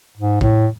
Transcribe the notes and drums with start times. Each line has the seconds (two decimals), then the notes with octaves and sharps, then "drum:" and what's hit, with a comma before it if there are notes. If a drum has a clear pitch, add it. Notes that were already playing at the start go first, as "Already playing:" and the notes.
0.17 G#2
0.41 A2, drum: kick